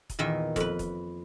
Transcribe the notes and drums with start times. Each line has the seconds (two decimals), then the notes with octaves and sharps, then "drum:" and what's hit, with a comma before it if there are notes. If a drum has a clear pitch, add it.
0.10 drum: kick E1, hi-hat
0.19 E2 A#2 D#3 D#5 E5
0.56 F2 B4, drum: kick E1, hi-hat
0.79 drum: kick E1, hi-hat